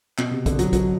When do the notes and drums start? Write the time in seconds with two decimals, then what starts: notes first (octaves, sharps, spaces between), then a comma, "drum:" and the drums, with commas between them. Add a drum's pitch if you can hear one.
0.18 B2, drum: clap
0.31 C3
0.46 D3, drum: kick, hi-hat
0.59 F#3, drum: hi-hat
0.73 F#3, drum: kick, hi-hat